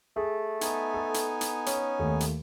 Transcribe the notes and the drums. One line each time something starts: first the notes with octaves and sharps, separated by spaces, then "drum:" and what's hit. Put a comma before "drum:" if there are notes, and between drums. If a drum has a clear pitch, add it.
A3 G#4
B3 D#4 G#5, drum: hi-hat
A4
drum: hi-hat
drum: hi-hat
C#4, drum: hi-hat
D#2 A3
drum: hi-hat